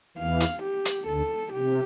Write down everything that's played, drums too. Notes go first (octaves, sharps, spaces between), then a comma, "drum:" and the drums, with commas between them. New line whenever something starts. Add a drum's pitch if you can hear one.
E2 E3 F5
drum: hi-hat
G4
drum: hi-hat
D2 D3 A4
C3 G4